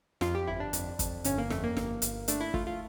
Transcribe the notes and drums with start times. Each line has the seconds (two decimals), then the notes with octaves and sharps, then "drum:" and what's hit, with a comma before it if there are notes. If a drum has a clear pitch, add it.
0.21 F2 F4, drum: snare
0.35 G4
0.47 G1 E4
0.60 D4
0.73 F2, drum: hi-hat
0.99 F2, drum: kick, hi-hat
1.24 G1 C#4, drum: hi-hat
1.38 A#3
1.50 F2 A3, drum: snare
1.64 A#3
1.77 G1, drum: snare
2.02 G1, drum: hi-hat
2.28 A3 D4, drum: hi-hat
2.40 E4
2.54 A3 F4, drum: kick
2.67 F4